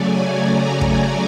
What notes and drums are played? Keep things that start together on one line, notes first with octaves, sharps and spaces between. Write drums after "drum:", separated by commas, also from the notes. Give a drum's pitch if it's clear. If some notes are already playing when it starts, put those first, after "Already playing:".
Already playing: C#3 F#3 A3 C#4 D5 G#5
A#5
drum: kick